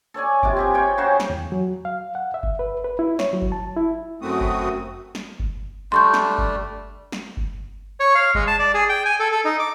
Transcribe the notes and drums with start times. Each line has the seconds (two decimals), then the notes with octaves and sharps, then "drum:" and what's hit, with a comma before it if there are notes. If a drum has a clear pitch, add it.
0.14 A4 C#5 D5 G#5
0.43 C3 G#3 F4 D6, drum: kick G1
0.57 C4 G4 G#5
0.74 F4 C#5 G5
0.98 C#3 C#4 F#4 C5
1.20 drum: snare
1.30 E2
1.52 F#3
1.85 F5
2.15 F#5
2.34 E5
2.43 drum: kick G1
2.59 B4
2.84 B4
2.99 E4
3.19 C#5, drum: snare
3.33 F#3
3.42 drum: kick G1
3.52 A5
3.77 E4
4.21 F#2 A3 C4 F#4 D#6
4.41 drum: kick G1
5.15 drum: snare
5.40 drum: kick G1
5.92 G3 A3 D4 C6 C#6 G6
6.14 drum: snare
6.38 drum: kick G1
7.12 drum: snare
7.37 drum: kick G1
8.00 C#5
8.15 F5
8.35 G#3, drum: kick G1
8.47 A5
8.59 D5
8.74 G#4
8.89 G5
9.05 G#5
9.20 A4
9.31 A4
9.45 D#4
9.59 D6